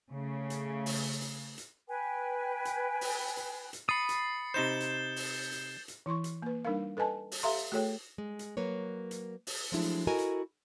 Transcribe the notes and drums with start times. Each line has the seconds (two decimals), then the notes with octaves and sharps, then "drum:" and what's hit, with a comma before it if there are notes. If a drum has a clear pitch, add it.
0.11 C#3 A3
0.50 drum: hi-hat
0.86 drum: open hi-hat
1.22 drum: hi-hat
1.58 drum: hi-hat
1.89 B4 G5 G#5
2.65 drum: hi-hat
3.01 drum: open hi-hat
3.37 drum: hi-hat
3.73 drum: hi-hat
3.89 B5 D#6 A6 C7 C#7
4.09 drum: hi-hat
4.54 C3 D#4 C5 G6 E7 G7
4.80 drum: hi-hat
5.16 drum: open hi-hat
5.52 drum: hi-hat
5.88 drum: hi-hat
6.06 E3 E4 C6 C#6
6.24 drum: hi-hat
6.42 A#3 B4
6.65 G3 D4 D#4 A#4 F5
6.97 A4 B4 D#5 G#5 A5
7.32 drum: open hi-hat
7.43 G4 A4 E5 F5 A#5 C6
7.72 A3 F#4 G#4 A4 C#5 G5
8.18 G#3
8.39 drum: hi-hat
8.57 F#3 A#3 B4 C#5
9.11 drum: hi-hat
9.47 drum: open hi-hat
9.72 F3 F#3 G#3 A3 D4 E4
9.83 drum: hi-hat
10.07 E4 F#4 A4 A#4 D#5 G#5
10.18 drum: hi-hat